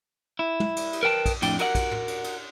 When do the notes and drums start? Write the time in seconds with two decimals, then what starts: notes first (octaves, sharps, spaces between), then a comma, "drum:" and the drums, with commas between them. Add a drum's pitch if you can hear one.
0.39 E4
0.60 drum: tom
0.76 drum: cymbal
0.93 drum: cymbal
1.03 A#4 B4 G5 A5
1.26 drum: kick, cymbal
1.42 F2 A2 D4 G5, drum: cymbal
1.59 F#4 A#4 D#5 F#5, drum: cymbal
1.75 drum: kick, cymbal
1.91 drum: tom
2.08 drum: cymbal
2.24 drum: cymbal